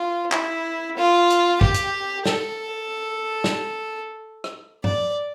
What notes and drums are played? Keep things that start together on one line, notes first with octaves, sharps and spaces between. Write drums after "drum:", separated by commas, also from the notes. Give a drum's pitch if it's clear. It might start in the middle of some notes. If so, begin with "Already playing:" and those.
Already playing: F4
E4, drum: clap
F4
drum: hi-hat
G4, drum: kick
drum: hi-hat
A4, drum: snare
drum: snare
drum: rim click
D5, drum: tom G2